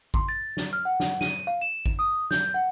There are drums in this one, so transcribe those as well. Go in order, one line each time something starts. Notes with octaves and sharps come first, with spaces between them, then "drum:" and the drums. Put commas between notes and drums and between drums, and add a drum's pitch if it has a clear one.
C6, drum: kick G#1
A6
drum: snare
F6
F#5
drum: snare
D#7, drum: snare
F5
E7
drum: kick G#1
D#6
G6, drum: snare
F#5